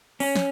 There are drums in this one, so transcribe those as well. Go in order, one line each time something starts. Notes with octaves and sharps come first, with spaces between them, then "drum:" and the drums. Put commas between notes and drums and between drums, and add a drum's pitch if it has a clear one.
C#4, drum: open hi-hat
drum: snare